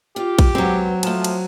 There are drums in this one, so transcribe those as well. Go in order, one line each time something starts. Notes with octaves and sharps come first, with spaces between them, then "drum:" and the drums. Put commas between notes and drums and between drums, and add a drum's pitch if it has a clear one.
F4 G4 F5
drum: kick A#1, cymbal
F#3 G#3 B3 C4
F3 A3 A5, drum: cymbal
drum: cymbal